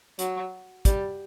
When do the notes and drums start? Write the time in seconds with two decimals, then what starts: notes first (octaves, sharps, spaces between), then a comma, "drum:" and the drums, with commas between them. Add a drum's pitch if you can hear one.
0.19 F#3, drum: hi-hat
0.85 G3, drum: kick, hi-hat